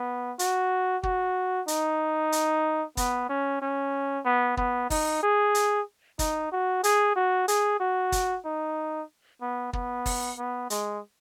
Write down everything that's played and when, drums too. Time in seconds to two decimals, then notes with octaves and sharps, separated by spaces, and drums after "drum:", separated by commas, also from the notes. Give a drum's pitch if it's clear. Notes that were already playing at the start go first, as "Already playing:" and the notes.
Already playing: B3
0.39 F#4, drum: hi-hat
1.03 F#4, drum: kick
1.68 D#4, drum: hi-hat
2.32 drum: hi-hat
2.97 B3, drum: kick, hi-hat
3.29 C#4
3.62 C#4
4.25 B3
4.57 B3, drum: kick
4.90 D#4, drum: kick, open hi-hat
5.23 G#4
5.55 drum: hi-hat
6.19 D#4, drum: kick, hi-hat
6.52 F#4
6.84 G#4, drum: hi-hat
7.16 F#4
7.48 G#4, drum: hi-hat
7.80 F#4
8.12 drum: kick, hi-hat
8.45 D#4
9.41 B3
9.73 B3, drum: kick
10.06 drum: kick, open hi-hat
10.38 B3
10.70 G#3, drum: hi-hat